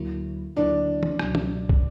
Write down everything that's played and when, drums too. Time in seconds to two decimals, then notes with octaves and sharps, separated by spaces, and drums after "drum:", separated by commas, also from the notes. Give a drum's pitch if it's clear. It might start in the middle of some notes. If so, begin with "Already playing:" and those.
Already playing: D2 D3 F#3 A#3 E4
0.56 D2 D3 F#3 A#3 D4 E4
1.03 drum: tom E3
1.19 C#2 B2 F#3, drum: rim click
1.35 drum: tom
1.69 drum: kick